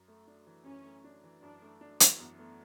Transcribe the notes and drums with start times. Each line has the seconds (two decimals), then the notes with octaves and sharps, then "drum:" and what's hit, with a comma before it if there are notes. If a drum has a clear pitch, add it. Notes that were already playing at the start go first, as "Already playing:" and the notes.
Already playing: F#2
0.08 A3
0.27 D4
0.47 E3
0.66 F#2 C#4
0.85 A3
1.04 D4
1.23 E3
1.42 F#2 D4
1.62 A3
1.81 D4
2.00 E3, drum: hi-hat
2.20 F#2 B3
2.39 A3